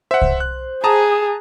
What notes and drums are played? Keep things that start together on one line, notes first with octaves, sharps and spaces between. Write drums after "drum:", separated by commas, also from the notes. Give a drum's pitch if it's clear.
C5 E5 F#5
drum: kick C2
F#6
G#4 A5 A#5 D#6